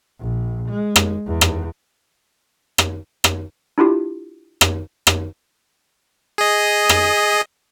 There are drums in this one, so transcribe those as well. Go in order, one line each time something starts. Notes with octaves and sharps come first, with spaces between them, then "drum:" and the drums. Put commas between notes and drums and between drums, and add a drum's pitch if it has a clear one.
A#1
G#3
drum: rim click
E2
drum: rim click
drum: rim click
drum: rim click
D4 E4 F4 G4
drum: rim click
drum: rim click
G#4 D#5
drum: rim click